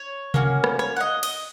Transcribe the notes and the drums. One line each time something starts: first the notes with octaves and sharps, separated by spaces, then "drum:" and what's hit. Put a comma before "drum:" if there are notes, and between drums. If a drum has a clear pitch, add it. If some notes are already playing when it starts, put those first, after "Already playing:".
Already playing: C#5
A#3 C#4 F#4, drum: tom C3
drum: rim click
C#5, drum: rim click
F#5
D#5
D#5, drum: cymbal